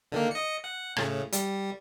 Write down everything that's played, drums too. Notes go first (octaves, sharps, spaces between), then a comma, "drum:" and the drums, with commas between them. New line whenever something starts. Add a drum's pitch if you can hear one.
D3 D#3 A#3
D#5 C#7
F#5
A2 C#3, drum: rim click
G3, drum: hi-hat